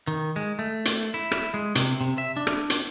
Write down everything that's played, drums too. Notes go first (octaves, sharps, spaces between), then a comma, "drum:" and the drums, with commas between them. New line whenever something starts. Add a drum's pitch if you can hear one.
D#3
G#3
A3
drum: hi-hat
E4
drum: rim click
G#3
C3, drum: hi-hat
C3
E5
D4
drum: rim click
drum: hi-hat